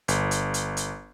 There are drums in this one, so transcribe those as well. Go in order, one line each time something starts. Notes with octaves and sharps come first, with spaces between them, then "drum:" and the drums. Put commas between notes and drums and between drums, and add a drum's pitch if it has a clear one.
G1, drum: hi-hat
drum: hi-hat
drum: hi-hat
drum: hi-hat